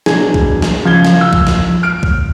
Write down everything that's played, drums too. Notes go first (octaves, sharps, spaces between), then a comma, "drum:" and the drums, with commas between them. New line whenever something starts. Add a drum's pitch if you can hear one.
B2 F#3 D4 G#4, drum: snare
drum: kick
drum: snare
C#3 F3 G#6 G7
drum: snare
E6
drum: kick
drum: snare
F6 D7
drum: kick